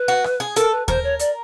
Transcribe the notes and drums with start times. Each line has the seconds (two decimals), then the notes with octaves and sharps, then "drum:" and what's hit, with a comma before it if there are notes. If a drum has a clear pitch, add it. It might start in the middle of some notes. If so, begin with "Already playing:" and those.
Already playing: B4
0.08 F#4
0.24 drum: rim click
0.40 G#4
0.56 A4 A#4, drum: hi-hat
0.72 B4
0.88 A#4 C5, drum: kick D#2
1.04 C#5
1.19 D5, drum: hi-hat